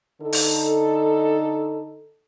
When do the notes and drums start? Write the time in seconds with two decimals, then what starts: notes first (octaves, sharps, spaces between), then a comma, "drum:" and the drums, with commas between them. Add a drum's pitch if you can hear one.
0.21 D3 D#4 A4
0.33 drum: open hi-hat